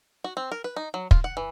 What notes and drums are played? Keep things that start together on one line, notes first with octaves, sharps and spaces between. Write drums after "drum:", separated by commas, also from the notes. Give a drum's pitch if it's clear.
F#4
C4
A#4
B4
D#4
F#3
F4, drum: kick
F#5
E3